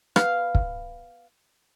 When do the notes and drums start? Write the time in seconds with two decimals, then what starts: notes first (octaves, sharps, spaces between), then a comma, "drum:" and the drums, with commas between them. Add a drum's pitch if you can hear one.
0.16 B3 F5, drum: rim click
0.55 drum: kick